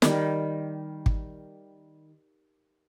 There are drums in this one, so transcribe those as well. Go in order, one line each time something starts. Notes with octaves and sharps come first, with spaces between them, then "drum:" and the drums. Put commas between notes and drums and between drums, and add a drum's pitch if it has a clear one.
D#3 G3, drum: snare
drum: kick